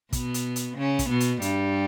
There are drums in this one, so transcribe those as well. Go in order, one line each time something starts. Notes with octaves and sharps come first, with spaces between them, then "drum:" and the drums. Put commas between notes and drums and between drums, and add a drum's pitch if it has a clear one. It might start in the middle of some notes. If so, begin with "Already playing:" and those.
B2 B3, drum: kick, hi-hat
drum: hi-hat
drum: hi-hat
C#3 C#4
drum: kick, hi-hat
B2 B3
drum: hi-hat
G2 G3, drum: hi-hat